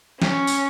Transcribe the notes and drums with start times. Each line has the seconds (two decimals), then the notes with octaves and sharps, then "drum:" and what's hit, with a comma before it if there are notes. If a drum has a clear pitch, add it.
0.22 C#4, drum: snare
0.47 drum: tambourine